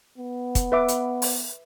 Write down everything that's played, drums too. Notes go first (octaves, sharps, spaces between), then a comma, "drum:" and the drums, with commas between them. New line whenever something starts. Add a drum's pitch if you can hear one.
B3
drum: kick, hi-hat
B4 E5 D6
drum: hi-hat
drum: open hi-hat